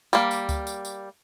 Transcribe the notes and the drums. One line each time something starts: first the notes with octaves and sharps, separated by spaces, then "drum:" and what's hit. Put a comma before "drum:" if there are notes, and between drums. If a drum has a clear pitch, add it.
G3 A#3, drum: tambourine
drum: tambourine
drum: kick C#2, tambourine
drum: tambourine
drum: tambourine